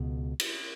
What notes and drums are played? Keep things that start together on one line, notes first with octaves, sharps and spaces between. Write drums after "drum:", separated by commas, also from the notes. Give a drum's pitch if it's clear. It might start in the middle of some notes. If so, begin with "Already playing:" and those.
Already playing: C#2 B2
drum: cymbal